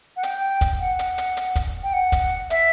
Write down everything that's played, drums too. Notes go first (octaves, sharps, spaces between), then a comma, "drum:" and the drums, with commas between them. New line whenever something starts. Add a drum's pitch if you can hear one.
F#5
G5, drum: hi-hat
drum: kick, hi-hat
F#5
drum: hi-hat
drum: hi-hat
drum: hi-hat
drum: kick, hi-hat
G5
F#5
drum: kick, hi-hat
E5, drum: hi-hat